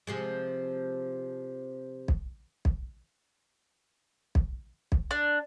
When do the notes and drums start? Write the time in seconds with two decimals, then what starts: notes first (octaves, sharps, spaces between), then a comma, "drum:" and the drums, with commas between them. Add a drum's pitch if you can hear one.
0.07 C3 F3 G#3
2.08 drum: kick B1
2.65 drum: kick B1
4.35 drum: kick B1
4.92 drum: kick B1
5.11 D4